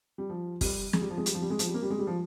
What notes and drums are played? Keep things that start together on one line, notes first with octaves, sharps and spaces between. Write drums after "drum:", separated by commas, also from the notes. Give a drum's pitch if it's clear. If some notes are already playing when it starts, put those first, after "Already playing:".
G3
F3
G3, drum: kick, open hi-hat
G#3, drum: snare
G3
F3
G#3
G3, drum: hi-hat
F3
G3
G#3
F3, drum: hi-hat
G3
A#3
G3
G#3
G3
F3